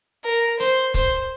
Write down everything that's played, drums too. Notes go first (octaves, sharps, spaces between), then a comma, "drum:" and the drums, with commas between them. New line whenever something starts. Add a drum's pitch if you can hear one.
A#4
C5, drum: hi-hat
C5, drum: kick, hi-hat